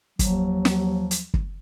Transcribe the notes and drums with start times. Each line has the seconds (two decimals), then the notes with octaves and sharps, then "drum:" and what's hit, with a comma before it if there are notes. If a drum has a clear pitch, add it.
0.19 D#2 F3 F#3, drum: kick, hi-hat
0.65 drum: snare
1.11 drum: hi-hat
1.34 drum: kick